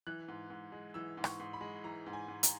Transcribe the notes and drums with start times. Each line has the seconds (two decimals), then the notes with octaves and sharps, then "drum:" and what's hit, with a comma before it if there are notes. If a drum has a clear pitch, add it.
0.07 E3 F#6
0.28 G#2
0.50 G#2
0.72 G#3
0.94 E3 E6
1.17 G#2
1.24 C#6, drum: rim click
1.39 G#2
1.53 B5
1.61 G#3
1.84 E3 A#5
2.06 G#2
2.13 G#5
2.28 G#2
2.43 A#5, drum: hi-hat